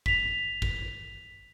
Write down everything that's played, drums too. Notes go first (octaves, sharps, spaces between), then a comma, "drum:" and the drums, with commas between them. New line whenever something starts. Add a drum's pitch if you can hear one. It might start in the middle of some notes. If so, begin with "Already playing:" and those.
B6 F7, drum: kick
drum: kick